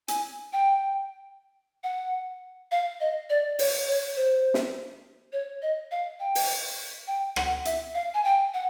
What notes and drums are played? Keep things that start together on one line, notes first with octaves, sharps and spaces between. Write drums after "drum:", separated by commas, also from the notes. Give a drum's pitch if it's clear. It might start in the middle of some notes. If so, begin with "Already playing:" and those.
G#5, drum: hi-hat
G5
F#5
F5
D#5
D5
C#5, drum: open hi-hat
C#5
C5
drum: snare
C#5
D#5
F5
G5
drum: open hi-hat
G5
F#5, drum: rim click
E5, drum: hi-hat
F5
G#5
G5
F#5